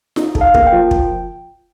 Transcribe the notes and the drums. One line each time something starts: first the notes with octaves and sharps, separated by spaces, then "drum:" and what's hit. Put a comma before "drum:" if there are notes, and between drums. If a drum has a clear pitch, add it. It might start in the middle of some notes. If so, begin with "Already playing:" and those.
D#4, drum: snare F4
A4, drum: kick
F5
A#3, drum: kick
G5
F3
drum: kick